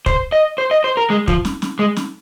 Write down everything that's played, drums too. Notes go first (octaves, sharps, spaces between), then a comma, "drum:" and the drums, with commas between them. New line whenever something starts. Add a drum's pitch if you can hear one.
C5, drum: kick
D#5
C5
D#5
C5
A#4
G#3
F3, drum: kick
drum: snare
drum: snare
G#3
drum: snare